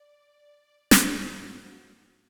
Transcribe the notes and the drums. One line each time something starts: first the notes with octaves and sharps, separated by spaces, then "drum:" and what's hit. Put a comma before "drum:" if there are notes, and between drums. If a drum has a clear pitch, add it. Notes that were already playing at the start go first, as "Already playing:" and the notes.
Already playing: D5
G#2 F3 A#3 C5, drum: snare
F#4